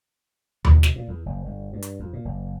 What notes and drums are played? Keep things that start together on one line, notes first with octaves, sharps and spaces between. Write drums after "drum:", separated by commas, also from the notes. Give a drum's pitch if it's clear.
B2, drum: tom D#2
B2, drum: snare
A#2
E2
F#1
G1
G2
drum: hi-hat
F2
A#2
F#1